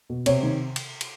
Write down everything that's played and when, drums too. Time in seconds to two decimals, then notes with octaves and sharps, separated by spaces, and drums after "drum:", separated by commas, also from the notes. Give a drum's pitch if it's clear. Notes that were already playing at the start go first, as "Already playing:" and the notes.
0.10 B2
0.26 C3 C#5, drum: cymbal
0.43 D#3
0.76 drum: cymbal
1.01 drum: cymbal